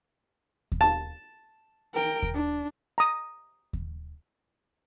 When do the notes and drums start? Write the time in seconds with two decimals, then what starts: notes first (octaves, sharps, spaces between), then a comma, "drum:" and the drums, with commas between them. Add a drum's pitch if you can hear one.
0.72 drum: kick D#2
0.81 A5
1.94 A#4 G5
2.22 drum: kick D#2
2.34 D4
2.98 A#5 D#6
3.73 drum: kick D#2